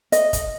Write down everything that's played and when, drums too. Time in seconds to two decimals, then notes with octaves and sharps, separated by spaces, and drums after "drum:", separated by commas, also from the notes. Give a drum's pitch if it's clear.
0.12 D#5, drum: hi-hat
0.33 drum: kick, hi-hat